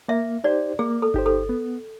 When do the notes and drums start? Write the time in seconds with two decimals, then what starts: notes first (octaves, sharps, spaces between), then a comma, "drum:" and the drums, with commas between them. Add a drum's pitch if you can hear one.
0.08 A#3 E5
0.44 D#4 G4 C5 D5
0.79 A#3 G#4
1.02 A4
1.14 D#4 G4 C5, drum: kick G1
1.26 A4
1.49 B3